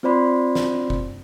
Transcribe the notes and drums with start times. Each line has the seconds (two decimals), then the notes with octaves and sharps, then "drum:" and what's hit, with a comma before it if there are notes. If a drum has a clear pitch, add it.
0.03 C4 F4 C5 D5 B5 C6
0.55 drum: snare
0.90 drum: kick F#1